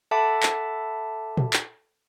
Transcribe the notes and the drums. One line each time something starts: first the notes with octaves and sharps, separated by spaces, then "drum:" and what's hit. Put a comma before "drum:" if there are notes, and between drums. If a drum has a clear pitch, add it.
A4 E5 F#5 A5 B5 D6
drum: clap
drum: tom A#2
drum: clap